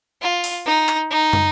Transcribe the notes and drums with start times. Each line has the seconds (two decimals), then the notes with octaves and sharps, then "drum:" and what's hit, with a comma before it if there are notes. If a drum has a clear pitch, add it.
0.22 F4
0.44 drum: open hi-hat
0.66 D#4
0.88 drum: clap
1.11 D#4
1.33 drum: tom